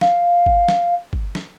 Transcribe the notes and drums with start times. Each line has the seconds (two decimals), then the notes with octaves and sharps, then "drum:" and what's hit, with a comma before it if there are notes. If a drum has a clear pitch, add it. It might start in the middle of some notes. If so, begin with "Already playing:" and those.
0.01 F5, drum: snare
0.46 drum: kick
0.68 drum: snare
1.13 drum: kick
1.35 drum: snare